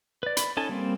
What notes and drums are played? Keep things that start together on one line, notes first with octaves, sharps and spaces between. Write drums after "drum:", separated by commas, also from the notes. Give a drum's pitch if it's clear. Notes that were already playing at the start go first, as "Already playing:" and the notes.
B4 D5
B5, drum: hi-hat
C#4 D#4 A4 G#5 A5
G3 A#3 C4